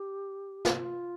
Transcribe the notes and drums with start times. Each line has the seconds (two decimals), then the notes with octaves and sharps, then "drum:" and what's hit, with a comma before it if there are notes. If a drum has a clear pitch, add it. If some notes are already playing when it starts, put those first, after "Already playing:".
Already playing: G4
0.65 drum: snare
0.76 F4